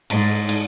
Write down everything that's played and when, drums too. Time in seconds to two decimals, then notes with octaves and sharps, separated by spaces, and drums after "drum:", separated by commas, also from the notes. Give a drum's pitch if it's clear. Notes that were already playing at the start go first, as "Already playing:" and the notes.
0.10 G#2, drum: cymbal
0.49 drum: cymbal